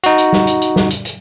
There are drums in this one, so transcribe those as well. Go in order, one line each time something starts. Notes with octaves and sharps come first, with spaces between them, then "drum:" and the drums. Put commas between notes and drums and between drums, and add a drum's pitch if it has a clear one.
D#4 F#4, drum: hi-hat
drum: hi-hat
drum: snare
drum: hi-hat
drum: hi-hat
drum: snare
drum: hi-hat
drum: hi-hat